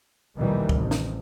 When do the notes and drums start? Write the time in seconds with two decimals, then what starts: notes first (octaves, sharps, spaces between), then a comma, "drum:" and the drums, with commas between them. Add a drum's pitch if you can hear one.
0.36 A#1 D#2 B2 D#3 E3 G3
0.69 A1 C3, drum: kick
0.91 drum: snare